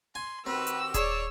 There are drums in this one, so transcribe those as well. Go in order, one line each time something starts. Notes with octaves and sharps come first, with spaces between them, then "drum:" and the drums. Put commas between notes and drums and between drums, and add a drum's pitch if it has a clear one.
G#5 C6
D#3 C4 F#4 G4 B4 E6
drum: hi-hat
G#4 C#5 D5, drum: kick D#1, hi-hat